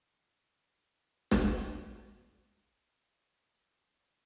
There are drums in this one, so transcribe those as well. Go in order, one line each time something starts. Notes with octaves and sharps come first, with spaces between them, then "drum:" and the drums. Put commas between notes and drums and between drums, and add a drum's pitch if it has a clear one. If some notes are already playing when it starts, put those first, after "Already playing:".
A3
B3
C4
D4
E4
drum: snare
D4
E4
D4
C4
D4
E4